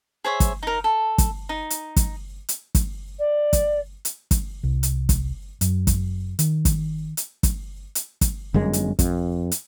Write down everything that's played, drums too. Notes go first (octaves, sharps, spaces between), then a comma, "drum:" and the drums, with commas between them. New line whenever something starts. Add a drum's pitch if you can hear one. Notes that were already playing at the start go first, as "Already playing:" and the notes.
G#4 C5 C#5 E5
drum: kick, hi-hat
D#4 A#4
A4
drum: kick, hi-hat
D#4
drum: hi-hat
drum: kick, hi-hat
drum: hi-hat
drum: kick, hi-hat
D5
drum: kick, hi-hat
drum: hi-hat
drum: kick, hi-hat
C2
drum: hi-hat
drum: kick, hi-hat
F#2, drum: hi-hat
drum: kick, hi-hat
D#3, drum: hi-hat
drum: kick, hi-hat
drum: hi-hat
drum: kick, hi-hat
drum: hi-hat
drum: kick, hi-hat
G1 F#2 G#3
drum: hi-hat
F2, drum: kick, hi-hat
drum: hi-hat